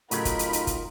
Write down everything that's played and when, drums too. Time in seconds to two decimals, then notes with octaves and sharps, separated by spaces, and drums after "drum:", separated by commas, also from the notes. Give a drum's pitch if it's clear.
0.11 A2 C#3 F#3 D#4 F4 A#4 B5, drum: hi-hat
0.25 drum: kick, hi-hat
0.39 drum: hi-hat
0.53 drum: hi-hat
0.67 drum: kick, hi-hat